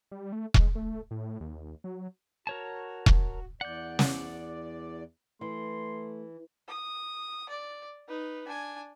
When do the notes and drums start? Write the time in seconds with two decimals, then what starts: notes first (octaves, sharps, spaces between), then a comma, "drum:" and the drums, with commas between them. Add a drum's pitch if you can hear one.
0.11 G3
0.32 A3
0.54 G#3, drum: kick E1
0.75 A3
1.11 A2
1.41 D#2
1.84 F#3
2.47 F#4 A#4 C#5 A5
3.06 drum: kick E1
3.61 E2 D5 F#5 G6
3.99 drum: snare
5.41 E3 A3 C6
6.69 D#6
7.49 D5
8.08 D#4 B4
8.47 D4 G#5